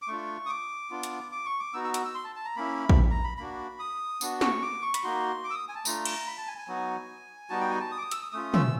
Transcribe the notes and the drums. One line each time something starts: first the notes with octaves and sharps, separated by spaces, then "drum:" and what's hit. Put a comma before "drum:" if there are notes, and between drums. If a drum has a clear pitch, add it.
D6
A3 D4 F4 C#6
D#6
D6
B3 D4 F4
drum: hi-hat
D6
C#6
D6
B3 D#4 F#4 E6
E6
E6, drum: hi-hat
E6
C6
A5
A5
A#5
A#3 C#4 E4 B5
drum: kick A#1
A#5
B5
A#3 D4 F#4 B5
D#6
B3 D4 F#4, drum: tambourine
C#6, drum: snare
D6
C#6
B5, drum: hi-hat
A#3 D#4 F#4 C6
D6
E6
D#6
G#5
A5
A3 D4 F4 A#5, drum: tambourine
drum: cymbal
B5
A5
G#5
G#5
F#3 B3 D#4 F#4
G3 B3 D#4 F#4 A5
G5
G#5
A5
D#6
D6
D#6
E6, drum: hi-hat
D#6
A3 C#4 F4 D#6
E6, drum: tom